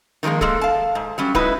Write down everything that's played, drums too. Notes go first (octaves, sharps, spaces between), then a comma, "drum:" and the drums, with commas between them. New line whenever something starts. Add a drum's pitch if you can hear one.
D#3 F3 G3 G#3 A#3
G#3 A#3 G#4 A4, drum: kick D1
F5 A5
G#2
F#3 G3 C#4
G#3 D#4 E4 F#4 B4, drum: kick D1